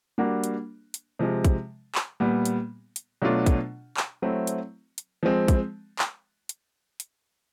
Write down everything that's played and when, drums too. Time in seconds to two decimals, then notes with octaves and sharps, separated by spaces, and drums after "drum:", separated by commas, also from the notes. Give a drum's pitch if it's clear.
0.18 G3 A#3 D4 F#4
0.44 drum: hi-hat
0.94 drum: hi-hat
1.19 C3 F3 G#3
1.45 drum: kick, hi-hat
1.95 drum: clap
2.20 A#2 G3 B3
2.45 drum: hi-hat
2.96 drum: hi-hat
3.22 B2 F#3 A3 D4 F4
3.46 drum: kick, hi-hat
3.97 drum: clap
4.22 F#3 A3 C4 E4
4.47 drum: hi-hat
4.98 drum: hi-hat
5.23 F3 G#3 C4
5.48 drum: kick, hi-hat
5.99 drum: clap
6.49 drum: hi-hat
7.00 drum: hi-hat